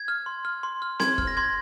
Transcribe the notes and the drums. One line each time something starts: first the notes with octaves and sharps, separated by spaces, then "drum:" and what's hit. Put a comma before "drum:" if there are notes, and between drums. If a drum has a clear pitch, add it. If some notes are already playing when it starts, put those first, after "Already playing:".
Already playing: G#6
F6
C6
F6
C6
F6
C6 G#6, drum: snare C4
F6, drum: kick
A#6
C6 G#6